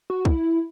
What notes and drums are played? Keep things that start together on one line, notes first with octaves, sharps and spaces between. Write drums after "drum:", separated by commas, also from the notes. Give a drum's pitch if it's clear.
F#4
E4, drum: kick